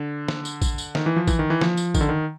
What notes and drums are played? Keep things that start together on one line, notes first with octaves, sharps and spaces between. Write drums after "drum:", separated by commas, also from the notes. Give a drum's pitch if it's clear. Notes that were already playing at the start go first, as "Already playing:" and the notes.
Already playing: D3
drum: snare
drum: tambourine
drum: kick, tambourine
drum: tambourine
D#3, drum: snare
E3
F3
E3, drum: kick, tambourine
D#3
E3
F3, drum: snare
drum: tambourine
D#3, drum: kick, tambourine
D3
D#3